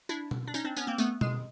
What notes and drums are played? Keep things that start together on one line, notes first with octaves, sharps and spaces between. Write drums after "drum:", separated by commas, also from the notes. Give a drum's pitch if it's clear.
D4 E4, drum: tambourine
drum: tom B2
D4
C#4 D#4, drum: tambourine
C4 D4
B3 C#4, drum: tambourine
A#3 C4
A3 B3, drum: tambourine
G#3, drum: tom B2